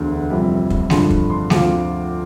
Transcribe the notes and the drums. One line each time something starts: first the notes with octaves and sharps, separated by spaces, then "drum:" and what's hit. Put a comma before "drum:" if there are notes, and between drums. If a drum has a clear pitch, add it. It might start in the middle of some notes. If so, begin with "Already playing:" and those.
Already playing: E1 D2 D3
F1 F2 C3 E3 G3
drum: kick
G2 D3 F3 C6, drum: snare
drum: kick
C6
D2 D3 F3 C4 F4 D6, drum: snare